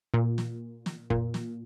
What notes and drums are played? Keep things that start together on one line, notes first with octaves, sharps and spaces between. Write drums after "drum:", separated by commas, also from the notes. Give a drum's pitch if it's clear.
A#2
drum: snare
drum: snare
A#2, drum: kick F2
drum: snare